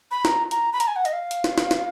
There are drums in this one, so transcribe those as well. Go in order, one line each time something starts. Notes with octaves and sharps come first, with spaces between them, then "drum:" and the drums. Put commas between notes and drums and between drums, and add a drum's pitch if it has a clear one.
B5
A#5, drum: snare
A#5, drum: hi-hat
B5
A#5, drum: hi-hat
G#5
F#5
D#5, drum: hi-hat
F5
drum: hi-hat
drum: snare
drum: snare
drum: snare